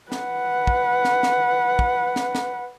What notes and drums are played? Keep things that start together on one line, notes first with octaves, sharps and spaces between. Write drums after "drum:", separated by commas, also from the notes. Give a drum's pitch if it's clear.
B4 F#5, drum: snare
drum: kick
drum: snare
drum: snare
drum: kick
drum: snare
drum: snare